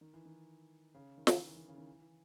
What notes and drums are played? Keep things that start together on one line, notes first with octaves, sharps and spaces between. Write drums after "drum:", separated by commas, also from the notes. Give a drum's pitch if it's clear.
D#3
E3
D#3
C#3
D#3
E3, drum: snare
D#3
E3
D#3
C#3
D#3
E3
E3